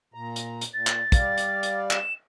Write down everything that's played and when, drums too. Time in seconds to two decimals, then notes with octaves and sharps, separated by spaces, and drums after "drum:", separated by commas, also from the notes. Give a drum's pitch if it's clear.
0.14 A#2 A#5
0.36 drum: hi-hat
0.61 drum: hi-hat
0.73 A#2 A6
0.87 drum: clap
1.12 G3 D5 F5, drum: kick, hi-hat
1.38 drum: hi-hat
1.63 drum: hi-hat
1.91 E7, drum: clap